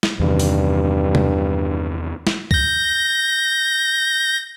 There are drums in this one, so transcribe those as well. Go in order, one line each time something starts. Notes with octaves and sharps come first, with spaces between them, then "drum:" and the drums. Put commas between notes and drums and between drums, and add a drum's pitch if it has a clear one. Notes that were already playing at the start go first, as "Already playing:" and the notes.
drum: snare
E2 G2 C3 D#3
drum: open hi-hat
drum: tom C3
drum: snare
G6 A#6, drum: kick